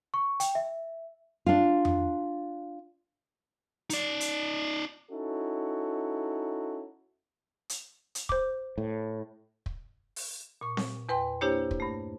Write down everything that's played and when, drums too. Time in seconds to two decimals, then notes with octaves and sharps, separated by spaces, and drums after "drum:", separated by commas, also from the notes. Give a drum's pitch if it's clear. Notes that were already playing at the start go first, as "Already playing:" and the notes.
0.14 C#6
0.40 G5, drum: hi-hat
0.55 E5
1.46 D4 F4
1.85 drum: tom F2
3.90 D#4 D5, drum: hi-hat
4.20 drum: hi-hat
5.12 C#4 D#4 E4 F#4 A4
7.69 drum: hi-hat
8.15 drum: hi-hat
8.29 C5 D6, drum: kick
8.78 A2
9.66 drum: kick
10.16 drum: open hi-hat
10.61 A#2 C#6
10.77 drum: snare C4
11.09 E2 B4 G5 C6
11.41 A#3 D4 E4 G4 C5 C#5
11.71 drum: kick
11.80 G2 A3